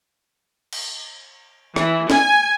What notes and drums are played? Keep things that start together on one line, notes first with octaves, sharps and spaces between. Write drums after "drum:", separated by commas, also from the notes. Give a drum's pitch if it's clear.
drum: cymbal
E3, drum: rim click
G#5, drum: snare